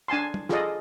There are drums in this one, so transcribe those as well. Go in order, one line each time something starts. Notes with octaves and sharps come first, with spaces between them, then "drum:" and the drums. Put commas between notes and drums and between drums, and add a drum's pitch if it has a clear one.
D4 G#5 A5 C6
drum: tom
F4 G#4 A4 D5 D#5, drum: snare